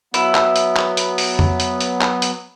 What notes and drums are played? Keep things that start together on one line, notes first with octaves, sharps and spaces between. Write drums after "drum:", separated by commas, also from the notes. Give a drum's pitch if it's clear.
F#3 B3 E4, drum: hi-hat
drum: clap
drum: hi-hat
drum: clap
drum: hi-hat
drum: open hi-hat
drum: tom F2
drum: hi-hat
drum: hi-hat
drum: clap
drum: hi-hat